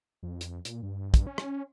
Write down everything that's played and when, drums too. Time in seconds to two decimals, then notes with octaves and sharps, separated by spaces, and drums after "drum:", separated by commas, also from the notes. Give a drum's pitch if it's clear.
0.23 F2
0.41 drum: hi-hat
0.65 A#2, drum: hi-hat
0.83 G2
1.14 drum: kick, hi-hat
1.27 C#4
1.38 drum: rim click